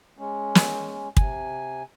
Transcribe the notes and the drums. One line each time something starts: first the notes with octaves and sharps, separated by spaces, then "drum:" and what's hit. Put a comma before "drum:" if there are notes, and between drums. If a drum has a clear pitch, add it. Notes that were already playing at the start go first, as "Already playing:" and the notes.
G#3 C#4
drum: snare
C3 G#5, drum: kick